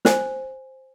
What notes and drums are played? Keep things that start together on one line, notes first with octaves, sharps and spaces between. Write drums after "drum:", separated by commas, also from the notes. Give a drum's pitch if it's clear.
C5 G#5, drum: snare